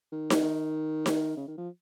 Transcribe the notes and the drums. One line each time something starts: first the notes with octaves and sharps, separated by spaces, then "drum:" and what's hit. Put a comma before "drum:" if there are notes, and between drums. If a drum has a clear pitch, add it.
D#3
drum: snare D#4
D#3
drum: snare D#4
C#3
D#3
F3